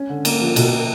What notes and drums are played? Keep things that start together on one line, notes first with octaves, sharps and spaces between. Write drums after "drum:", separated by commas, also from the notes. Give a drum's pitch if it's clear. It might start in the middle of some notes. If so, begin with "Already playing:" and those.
Already playing: C#4
D3
A#3, drum: cymbal
F3
B2 A#3, drum: cymbal